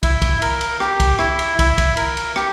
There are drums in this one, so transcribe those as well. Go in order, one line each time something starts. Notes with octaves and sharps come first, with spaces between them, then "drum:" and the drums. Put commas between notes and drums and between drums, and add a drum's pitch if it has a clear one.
E4, drum: kick, cymbal
drum: kick, cymbal
A#4, drum: cymbal
drum: cymbal
G4, drum: rim click
drum: kick, cymbal
E4, drum: rim click
drum: cymbal
E4, drum: kick, cymbal
drum: kick, cymbal
A#4, drum: cymbal
drum: cymbal
G4, drum: rim click